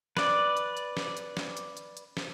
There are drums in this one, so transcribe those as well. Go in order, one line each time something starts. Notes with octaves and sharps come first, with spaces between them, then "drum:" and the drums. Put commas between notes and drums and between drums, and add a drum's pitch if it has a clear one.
B4 D5, drum: snare
drum: hi-hat
drum: hi-hat
drum: snare
drum: hi-hat
drum: snare
drum: hi-hat
drum: hi-hat
drum: hi-hat
drum: snare